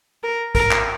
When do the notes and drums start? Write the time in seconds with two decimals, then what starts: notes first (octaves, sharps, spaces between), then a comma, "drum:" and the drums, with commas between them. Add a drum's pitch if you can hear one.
0.23 A#4
0.55 A#4, drum: kick, hi-hat
0.71 drum: clap